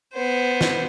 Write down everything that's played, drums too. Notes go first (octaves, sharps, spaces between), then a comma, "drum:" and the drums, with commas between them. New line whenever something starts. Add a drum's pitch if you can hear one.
B3 C5
drum: snare